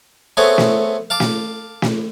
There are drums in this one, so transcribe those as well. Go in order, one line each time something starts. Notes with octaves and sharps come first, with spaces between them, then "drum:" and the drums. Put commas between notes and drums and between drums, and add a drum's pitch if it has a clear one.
A3 B3 C4 G#4 C#5
drum: snare
F5 A5 D6
drum: snare
drum: snare